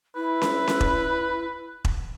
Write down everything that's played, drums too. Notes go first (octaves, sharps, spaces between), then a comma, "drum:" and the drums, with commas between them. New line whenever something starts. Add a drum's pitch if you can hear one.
E4 B4
drum: snare C#4
drum: snare C#4
drum: kick E1
drum: kick E1